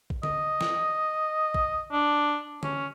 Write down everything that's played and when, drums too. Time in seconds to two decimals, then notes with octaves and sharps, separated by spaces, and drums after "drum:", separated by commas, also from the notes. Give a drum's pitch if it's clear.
0.10 drum: kick A#1
0.23 D#5, drum: tom D3
0.61 drum: snare
1.55 drum: kick A#1
1.92 D4
2.63 C#4, drum: tom D3